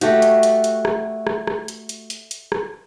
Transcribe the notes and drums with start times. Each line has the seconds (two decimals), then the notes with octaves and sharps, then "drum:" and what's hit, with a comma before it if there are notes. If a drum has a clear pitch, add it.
0.01 A3 F#4 G4, drum: hi-hat
0.22 drum: hi-hat
0.43 drum: hi-hat
0.64 drum: hi-hat
0.85 drum: rim click
1.27 drum: rim click
1.47 drum: rim click
1.68 drum: hi-hat
1.89 drum: hi-hat
2.10 drum: hi-hat
2.31 drum: hi-hat
2.52 drum: rim click